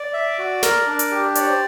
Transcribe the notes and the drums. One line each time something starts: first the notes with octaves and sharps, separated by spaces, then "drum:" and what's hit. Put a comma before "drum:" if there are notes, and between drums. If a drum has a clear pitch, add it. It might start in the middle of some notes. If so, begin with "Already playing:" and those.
Already playing: D5
E5
F#4
A#4, drum: snare
D4
drum: hi-hat
G4
C#5 D5, drum: hi-hat
C5